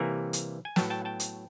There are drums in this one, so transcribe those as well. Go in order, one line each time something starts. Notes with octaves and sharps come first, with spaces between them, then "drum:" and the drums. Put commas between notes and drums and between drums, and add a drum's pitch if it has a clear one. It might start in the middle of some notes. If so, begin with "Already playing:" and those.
Already playing: C3 E3 G3 A#3 G#5 A#5
drum: hi-hat
G#5
A2 F#3 B3 G5 A5, drum: snare
G5 A5
G5 A5
drum: hi-hat